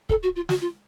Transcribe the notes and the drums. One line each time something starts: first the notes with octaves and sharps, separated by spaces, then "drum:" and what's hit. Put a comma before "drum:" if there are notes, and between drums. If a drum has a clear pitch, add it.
A4, drum: kick
F#4
F4
F#4, drum: snare
F4